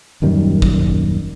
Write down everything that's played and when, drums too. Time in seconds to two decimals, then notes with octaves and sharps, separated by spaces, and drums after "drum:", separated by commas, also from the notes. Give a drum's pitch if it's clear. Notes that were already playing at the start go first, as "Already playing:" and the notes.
0.22 D#1 F#2 D#3 G3
0.62 drum: kick